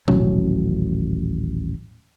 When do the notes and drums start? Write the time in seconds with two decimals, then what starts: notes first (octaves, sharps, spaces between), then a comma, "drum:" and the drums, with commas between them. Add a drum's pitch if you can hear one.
0.08 D#1 A1 F#3 C#4, drum: tom B2